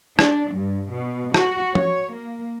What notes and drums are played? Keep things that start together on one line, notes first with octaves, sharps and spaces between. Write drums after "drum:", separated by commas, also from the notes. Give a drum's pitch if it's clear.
D4, drum: rim click
G2
B2
F#4, drum: rim click
C#5, drum: tom F3
A#3